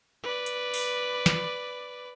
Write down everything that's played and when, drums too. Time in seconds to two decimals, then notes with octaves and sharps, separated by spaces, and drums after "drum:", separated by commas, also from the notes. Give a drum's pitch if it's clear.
0.23 B4 D5
0.46 drum: hi-hat
0.74 drum: open hi-hat
1.26 drum: snare